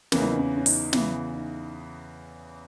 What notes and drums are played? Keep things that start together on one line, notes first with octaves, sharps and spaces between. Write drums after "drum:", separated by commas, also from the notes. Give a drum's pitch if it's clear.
E2 C#3 E3 A#3, drum: snare
E4
D#4
C#4
C#4
D#4, drum: open hi-hat
E2 C#3 E3 E4, drum: snare
D#4